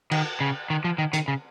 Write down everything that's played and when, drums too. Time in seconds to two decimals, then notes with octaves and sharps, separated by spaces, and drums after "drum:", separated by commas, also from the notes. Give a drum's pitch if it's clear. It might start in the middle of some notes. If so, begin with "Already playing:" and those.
0.11 D#3, drum: cymbal
0.40 C#3
0.70 D#3
0.84 F3
0.98 D#3
1.13 D#3, drum: hi-hat
1.28 C#3